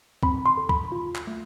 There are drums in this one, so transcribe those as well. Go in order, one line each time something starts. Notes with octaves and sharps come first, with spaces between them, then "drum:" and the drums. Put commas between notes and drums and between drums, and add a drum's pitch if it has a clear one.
C4 B5, drum: kick C#2
C6
A4
B5, drum: kick C#2
F4
drum: clap
A3